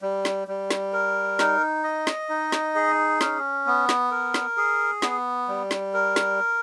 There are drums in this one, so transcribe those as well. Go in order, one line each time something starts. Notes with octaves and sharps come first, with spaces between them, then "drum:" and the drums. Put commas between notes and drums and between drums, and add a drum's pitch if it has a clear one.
G3
drum: snare
G3
drum: snare
A#4
D#4, drum: snare
D#5
drum: snare
D#4
drum: snare
G#4
C#4, drum: snare
B3
drum: snare
A#4
drum: snare
G#4
B3, drum: snare
G3
drum: snare
A#4
drum: snare